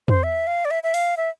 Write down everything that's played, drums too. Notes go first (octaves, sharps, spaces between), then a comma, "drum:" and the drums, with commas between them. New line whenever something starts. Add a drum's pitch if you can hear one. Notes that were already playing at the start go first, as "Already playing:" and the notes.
C5, drum: tom
E5
F5
D5
E5
E5
F5, drum: open hi-hat
E5